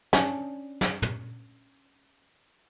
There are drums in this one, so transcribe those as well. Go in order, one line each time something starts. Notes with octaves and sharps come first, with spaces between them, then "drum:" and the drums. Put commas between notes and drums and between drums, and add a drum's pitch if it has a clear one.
C#4 D4, drum: snare
drum: snare
drum: tom